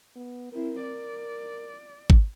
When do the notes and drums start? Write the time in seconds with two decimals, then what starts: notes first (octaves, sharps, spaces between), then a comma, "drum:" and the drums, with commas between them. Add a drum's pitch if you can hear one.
0.16 B3
0.53 C4 E4 A#4
0.83 D5
2.10 drum: kick G#1